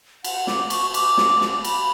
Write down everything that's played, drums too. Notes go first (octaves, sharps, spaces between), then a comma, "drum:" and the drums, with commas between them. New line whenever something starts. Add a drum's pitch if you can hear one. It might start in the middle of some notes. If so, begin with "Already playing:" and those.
F#5, drum: cymbal
D6, drum: snare
C#6, drum: cymbal
D6, drum: cymbal
drum: snare
drum: snare
B5, drum: cymbal